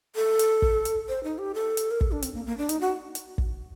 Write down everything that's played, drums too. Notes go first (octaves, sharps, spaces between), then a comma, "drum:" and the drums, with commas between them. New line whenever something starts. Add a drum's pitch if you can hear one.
A4
drum: hi-hat
drum: kick
drum: hi-hat
C5
D#4
G4
A4
drum: hi-hat
A#4
A4, drum: kick
D4
C4, drum: hi-hat
A#3
A#3
D4
D#4, drum: hi-hat
F#4
drum: hi-hat
drum: kick